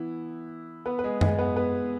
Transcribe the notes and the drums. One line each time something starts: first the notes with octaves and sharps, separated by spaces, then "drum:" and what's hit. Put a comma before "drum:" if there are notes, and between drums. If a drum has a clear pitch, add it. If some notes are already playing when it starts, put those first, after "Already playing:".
Already playing: E3 B3 E4
B3 B4
B4
G#3 G#4
G#3 G#4, drum: tom F#2
B3 B4
B3 B4